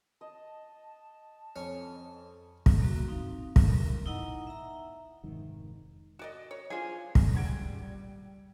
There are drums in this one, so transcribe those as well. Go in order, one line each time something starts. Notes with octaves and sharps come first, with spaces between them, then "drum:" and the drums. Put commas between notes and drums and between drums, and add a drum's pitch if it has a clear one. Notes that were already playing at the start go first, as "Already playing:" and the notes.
D#5 A5
F2 C#4
drum: kick
A#3 F#4
C4 D#4 F5
drum: kick
B3 A#4
D#4 E4 D#5 F#5 A#5
E5 A#5
F1 G#2 D#3
F#4 D5 D#5
C#5
D4 F4 G#4 C5 G#5
drum: kick
C#2 G3 F#5 G#6 D7